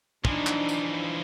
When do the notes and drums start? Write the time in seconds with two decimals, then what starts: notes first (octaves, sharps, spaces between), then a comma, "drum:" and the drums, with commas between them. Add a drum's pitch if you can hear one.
0.25 E3 F3 D4 D#4, drum: kick
0.47 drum: clap
0.69 drum: tambourine